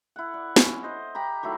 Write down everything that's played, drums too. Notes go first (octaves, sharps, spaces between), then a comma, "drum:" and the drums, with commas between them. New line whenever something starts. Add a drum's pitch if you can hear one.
E4 F#5
D5
C#4, drum: snare
C5 D#5
G4 A#5 B5
D#3 F#3 A3 E4